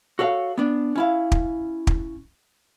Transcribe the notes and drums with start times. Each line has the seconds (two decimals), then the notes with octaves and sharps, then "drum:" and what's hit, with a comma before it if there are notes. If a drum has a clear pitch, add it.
0.19 F#4 A4 C#5 F5
0.58 B3 D4
0.96 C#4 E4 F5
1.32 drum: kick
1.87 drum: kick